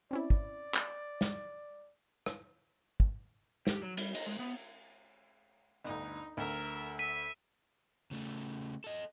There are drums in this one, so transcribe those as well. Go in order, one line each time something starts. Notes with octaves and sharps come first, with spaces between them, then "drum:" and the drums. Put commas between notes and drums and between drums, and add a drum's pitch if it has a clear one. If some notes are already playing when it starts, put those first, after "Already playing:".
C4 C#4 E4 D5
drum: kick
drum: clap
drum: snare
drum: rim click
drum: kick
G4, drum: snare
F#3
G3, drum: cymbal
D#5, drum: cymbal
G#3
B3
G1 D2 D#4
D2 A#4 E5
E5 B6 D#7
C#3 A3
A4 D#5